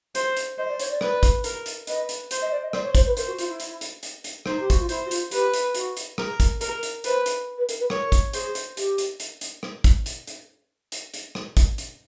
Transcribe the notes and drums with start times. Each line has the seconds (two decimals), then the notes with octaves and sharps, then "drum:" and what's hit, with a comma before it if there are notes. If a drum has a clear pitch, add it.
0.15 C5, drum: hi-hat
0.37 drum: hi-hat
0.58 C5 D#5
0.69 D5
0.80 C#5, drum: hi-hat
0.90 D5
1.01 B4, drum: rim click
1.23 drum: kick, hi-hat
1.44 A#4, drum: hi-hat
1.66 drum: hi-hat
1.87 B4 D#5, drum: hi-hat
2.09 drum: hi-hat
2.31 C5, drum: hi-hat
2.42 D#5
2.51 D5
2.63 D#5
2.73 C5 D5, drum: rim click
2.84 C#5
2.95 C5, drum: kick, hi-hat
3.06 B4
3.17 A#4 C5, drum: hi-hat
3.27 F#4
3.39 F4, drum: hi-hat
3.49 E4
3.60 drum: hi-hat
3.81 drum: hi-hat
4.03 drum: hi-hat
4.24 drum: hi-hat
4.46 D#4 C5, drum: rim click
4.60 G4
4.70 F#4, drum: kick, hi-hat
4.80 F4
4.89 E4 C5, drum: hi-hat
5.06 F#4
5.11 F4, drum: hi-hat
5.31 G4 B4, drum: hi-hat
5.54 drum: hi-hat
5.74 F#4, drum: hi-hat
5.97 drum: hi-hat
6.18 G#4 A#4, drum: rim click
6.40 drum: kick, hi-hat
6.61 A#4, drum: hi-hat
6.83 drum: hi-hat
7.04 B4 C5, drum: hi-hat
7.26 drum: hi-hat
7.58 B4
7.69 A#4, drum: hi-hat
7.80 B4
7.90 A#4 C#5, drum: rim click
8.12 drum: kick, hi-hat
8.33 G#4 C5, drum: hi-hat
8.55 drum: hi-hat
8.77 G4, drum: hi-hat
8.98 drum: hi-hat
9.20 drum: hi-hat
9.41 drum: hi-hat
9.63 drum: rim click
9.84 drum: kick, hi-hat
10.06 drum: hi-hat
10.27 drum: hi-hat
10.92 drum: hi-hat
11.14 drum: hi-hat
11.35 drum: rim click
11.57 drum: kick, hi-hat
11.78 drum: hi-hat